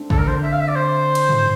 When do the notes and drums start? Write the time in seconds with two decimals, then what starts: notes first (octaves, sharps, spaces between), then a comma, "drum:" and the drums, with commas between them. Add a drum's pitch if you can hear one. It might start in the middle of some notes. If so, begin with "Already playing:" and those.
Already playing: A3 C4 D4
0.10 D3 A4, drum: kick
0.18 A#4
0.27 C5
0.43 E5
0.52 F5
0.60 E5
0.68 D5
0.75 C5
1.15 drum: cymbal
1.29 drum: tom